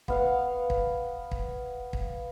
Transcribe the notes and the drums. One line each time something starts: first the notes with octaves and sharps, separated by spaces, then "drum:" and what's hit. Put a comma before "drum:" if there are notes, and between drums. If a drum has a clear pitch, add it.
B3 F5 F#5, drum: kick
drum: kick
drum: kick
drum: kick